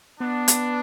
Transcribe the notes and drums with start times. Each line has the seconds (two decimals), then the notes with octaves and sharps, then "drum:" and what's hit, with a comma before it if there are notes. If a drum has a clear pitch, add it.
0.20 B3 D4
0.48 drum: hi-hat